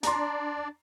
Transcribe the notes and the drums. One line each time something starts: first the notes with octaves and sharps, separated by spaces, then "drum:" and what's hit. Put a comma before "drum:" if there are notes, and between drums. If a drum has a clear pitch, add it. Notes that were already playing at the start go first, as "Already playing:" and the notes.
D4 D5 A#5 C6, drum: hi-hat